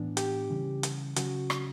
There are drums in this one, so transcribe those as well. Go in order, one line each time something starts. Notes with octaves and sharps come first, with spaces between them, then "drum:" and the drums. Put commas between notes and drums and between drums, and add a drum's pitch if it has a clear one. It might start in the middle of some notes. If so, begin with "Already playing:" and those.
Already playing: A2 E3 B3 D4
G4, drum: hi-hat
C#3 E3 G3 C#4
drum: hi-hat
C#3 F#3 C#4 F#4, drum: hi-hat
drum: rim click